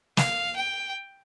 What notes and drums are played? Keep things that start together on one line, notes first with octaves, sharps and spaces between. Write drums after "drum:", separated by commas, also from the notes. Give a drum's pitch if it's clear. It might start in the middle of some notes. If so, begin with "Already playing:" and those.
F5, drum: snare
G5